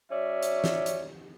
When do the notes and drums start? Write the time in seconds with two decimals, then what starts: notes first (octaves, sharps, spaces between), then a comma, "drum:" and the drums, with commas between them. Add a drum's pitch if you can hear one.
0.11 F#3 C#4 D5 E5
0.43 drum: hi-hat
0.64 drum: snare
0.86 drum: hi-hat